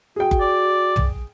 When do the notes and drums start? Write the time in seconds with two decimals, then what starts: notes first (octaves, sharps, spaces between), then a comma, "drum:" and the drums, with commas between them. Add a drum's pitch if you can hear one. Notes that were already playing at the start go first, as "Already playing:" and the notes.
0.16 F#4 G#4 G5
0.31 drum: kick F#1
0.41 D5
0.96 drum: tom